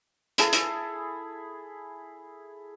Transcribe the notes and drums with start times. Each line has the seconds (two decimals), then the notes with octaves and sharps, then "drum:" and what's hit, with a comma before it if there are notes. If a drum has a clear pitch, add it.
0.38 E4 G#4 A4, drum: hi-hat
0.53 drum: hi-hat